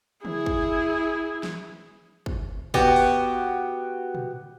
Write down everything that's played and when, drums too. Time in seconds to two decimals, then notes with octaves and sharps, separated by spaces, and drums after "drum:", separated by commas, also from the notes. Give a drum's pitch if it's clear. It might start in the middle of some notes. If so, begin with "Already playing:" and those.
0.25 E4 G#4, drum: tom
0.46 drum: kick
1.43 drum: snare
2.26 drum: kick
2.74 B3 F#4 G4, drum: kick
2.96 drum: open hi-hat
4.15 drum: tom